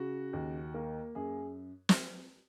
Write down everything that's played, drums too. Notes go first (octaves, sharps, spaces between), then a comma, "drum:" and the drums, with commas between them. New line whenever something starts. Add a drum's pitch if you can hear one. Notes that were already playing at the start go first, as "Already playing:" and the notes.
Already playing: C#3 F#4
D#2
A#3
F#2 G#4
drum: snare